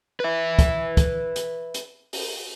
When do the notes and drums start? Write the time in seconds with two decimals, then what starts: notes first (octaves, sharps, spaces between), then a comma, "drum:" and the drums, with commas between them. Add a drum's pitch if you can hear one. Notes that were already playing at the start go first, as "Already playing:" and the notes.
0.20 B4 E5
0.59 drum: kick, hi-hat
0.97 drum: kick, hi-hat
1.36 drum: hi-hat
1.74 drum: hi-hat
2.13 drum: open hi-hat